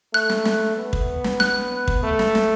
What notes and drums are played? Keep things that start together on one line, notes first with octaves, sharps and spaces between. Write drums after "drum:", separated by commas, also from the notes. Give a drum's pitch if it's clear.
A3 F#6
drum: snare
drum: snare
B3
drum: kick
drum: snare
F#6, drum: snare
drum: kick
A3
drum: snare
drum: snare